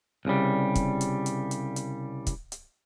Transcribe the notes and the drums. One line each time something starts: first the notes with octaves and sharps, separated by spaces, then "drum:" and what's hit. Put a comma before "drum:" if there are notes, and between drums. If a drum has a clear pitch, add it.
C2 C#3 G3
drum: kick, hi-hat
drum: hi-hat
drum: hi-hat
drum: hi-hat
drum: hi-hat
drum: kick, hi-hat
drum: hi-hat